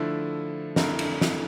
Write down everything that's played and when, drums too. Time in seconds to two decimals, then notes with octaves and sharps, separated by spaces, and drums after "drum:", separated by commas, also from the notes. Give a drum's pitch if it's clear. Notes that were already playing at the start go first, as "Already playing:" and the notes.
Already playing: D3 F3 A3 E4
0.76 F2 D3 A3 E4 A#4, drum: snare
0.99 drum: cymbal
1.21 drum: snare